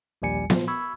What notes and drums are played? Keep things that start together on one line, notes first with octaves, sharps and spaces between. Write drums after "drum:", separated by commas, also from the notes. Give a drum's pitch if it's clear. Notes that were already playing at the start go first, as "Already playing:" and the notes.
A#1 D#2 G3 G#5 C#7
A#2 F3, drum: snare B3
B5 C#6 E6 G#6